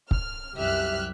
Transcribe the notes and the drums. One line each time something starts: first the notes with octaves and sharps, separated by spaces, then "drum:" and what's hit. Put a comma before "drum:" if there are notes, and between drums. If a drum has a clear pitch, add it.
F6, drum: kick
C2 F#2 G4 E5 F6 F#6